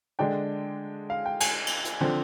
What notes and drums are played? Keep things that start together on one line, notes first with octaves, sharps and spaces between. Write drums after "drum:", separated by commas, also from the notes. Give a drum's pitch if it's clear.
D3 G#3 D4 G5
F5
G5
G#5, drum: cymbal
drum: cymbal
drum: hi-hat
D3 F3 C4